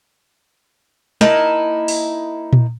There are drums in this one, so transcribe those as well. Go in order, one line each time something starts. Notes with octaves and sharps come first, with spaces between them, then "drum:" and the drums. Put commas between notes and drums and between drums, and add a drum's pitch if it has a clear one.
A#3 D#4 E4 A5, drum: snare
drum: open hi-hat
drum: tom A#2